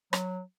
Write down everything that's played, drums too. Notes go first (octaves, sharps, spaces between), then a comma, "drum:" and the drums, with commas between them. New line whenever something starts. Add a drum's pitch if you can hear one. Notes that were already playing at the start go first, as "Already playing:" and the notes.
F#3, drum: rim click